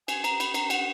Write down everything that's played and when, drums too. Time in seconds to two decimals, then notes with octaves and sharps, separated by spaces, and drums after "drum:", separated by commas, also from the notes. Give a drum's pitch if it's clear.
0.08 G#5, drum: cymbal
0.24 A#5, drum: cymbal
0.40 B5, drum: cymbal
0.54 A#5, drum: cymbal
0.70 F#5, drum: cymbal